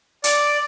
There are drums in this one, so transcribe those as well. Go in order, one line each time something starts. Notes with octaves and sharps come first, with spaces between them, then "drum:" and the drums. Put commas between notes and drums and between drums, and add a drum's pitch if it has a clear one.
D5, drum: hi-hat